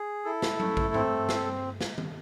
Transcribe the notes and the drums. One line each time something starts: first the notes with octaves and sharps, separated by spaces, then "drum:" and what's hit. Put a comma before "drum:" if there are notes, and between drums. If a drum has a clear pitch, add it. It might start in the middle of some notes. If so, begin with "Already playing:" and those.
Already playing: G#4
E4 A4
drum: snare
A3, drum: tom F#3
drum: kick A1
C4, drum: tom G2
drum: snare
drum: snare
drum: tom D#3